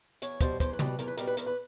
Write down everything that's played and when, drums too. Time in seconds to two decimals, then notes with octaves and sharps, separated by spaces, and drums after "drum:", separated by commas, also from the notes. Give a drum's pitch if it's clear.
0.22 E2 C#5, drum: hi-hat
0.41 B2 G3 C5, drum: kick, hi-hat
0.60 E2 C5, drum: kick, hi-hat
0.73 B4
0.79 B2 G3, drum: tom C3
0.85 B4
0.99 E2 A#4, drum: hi-hat
1.08 B4
1.17 B2 G3 A#4, drum: hi-hat
1.27 B4
1.37 E2 A#4, drum: hi-hat
1.47 B4